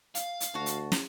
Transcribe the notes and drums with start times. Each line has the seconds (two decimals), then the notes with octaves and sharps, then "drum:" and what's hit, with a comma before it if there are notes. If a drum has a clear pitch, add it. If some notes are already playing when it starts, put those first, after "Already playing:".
0.15 F5, drum: hi-hat
0.40 drum: hi-hat
0.54 D2 F#4 A5
0.66 drum: hi-hat
0.92 drum: snare